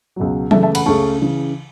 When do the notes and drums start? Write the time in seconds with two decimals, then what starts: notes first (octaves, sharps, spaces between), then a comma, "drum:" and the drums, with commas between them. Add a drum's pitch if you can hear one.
0.16 C#2 B2 F#3
0.51 C#3 E3 A3 E4 E5 A5, drum: tom F#3
0.63 E5 A5
0.75 F#5 B5, drum: cymbal
0.86 C#2 C#3 A3 C#4 A5 C#6
1.21 C#3 E3